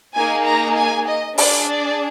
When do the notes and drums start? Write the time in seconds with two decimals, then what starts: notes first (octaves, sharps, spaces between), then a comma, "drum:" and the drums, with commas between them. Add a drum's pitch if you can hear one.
0.14 A#3 D#4 G#4 G#5
0.45 A#5
0.76 G#5
1.07 D#5
1.38 D4 G#4 D5, drum: open hi-hat
1.68 D5